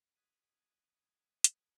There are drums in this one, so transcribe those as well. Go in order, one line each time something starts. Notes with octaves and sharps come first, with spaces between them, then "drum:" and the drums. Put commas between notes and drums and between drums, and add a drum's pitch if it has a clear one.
D#6 F#6 G#6 B6 D#7
drum: hi-hat